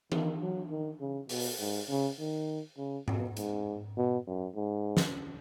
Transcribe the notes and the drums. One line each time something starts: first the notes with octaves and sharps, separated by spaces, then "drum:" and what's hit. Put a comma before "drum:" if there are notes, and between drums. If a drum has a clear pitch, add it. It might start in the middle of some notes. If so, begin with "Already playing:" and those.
D#3, drum: tom
F#3
D#3
C#3
B2, drum: open hi-hat
G#2
C#3
D#3
C#3
B2, drum: tom G#2
G#2, drum: hi-hat
B2
F#2
G#2
drum: snare